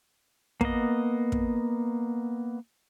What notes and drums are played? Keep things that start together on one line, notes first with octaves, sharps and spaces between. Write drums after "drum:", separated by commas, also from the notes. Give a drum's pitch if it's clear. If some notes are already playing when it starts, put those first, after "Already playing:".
A#3 B3 D#5, drum: kick
drum: kick